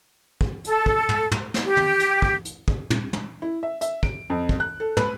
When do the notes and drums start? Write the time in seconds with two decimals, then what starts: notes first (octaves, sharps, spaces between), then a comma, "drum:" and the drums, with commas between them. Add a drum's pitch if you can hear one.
0.41 drum: kick
0.64 A4, drum: hi-hat
0.86 drum: kick
1.09 drum: tom
1.32 drum: tom
1.54 drum: snare
1.65 G4
1.77 drum: tom
2.00 drum: hi-hat
2.22 drum: kick
2.45 drum: hi-hat
2.68 drum: kick
2.90 drum: tom
3.13 drum: tom
3.42 E4
3.63 E5
3.81 E5, drum: hi-hat
4.03 D7, drum: kick
4.30 F2
4.49 drum: kick
4.60 F#6
4.80 A4
4.97 B4, drum: tom